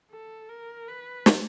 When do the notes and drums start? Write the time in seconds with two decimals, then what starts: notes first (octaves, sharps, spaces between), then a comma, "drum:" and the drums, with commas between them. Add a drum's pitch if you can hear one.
0.11 A4
0.49 A#4
0.88 B4
1.26 drum: snare